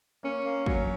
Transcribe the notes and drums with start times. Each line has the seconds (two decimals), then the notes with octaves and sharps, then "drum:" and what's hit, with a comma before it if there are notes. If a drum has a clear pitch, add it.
0.23 A#3 C#4
0.45 A#3
0.66 F#3 C#4, drum: kick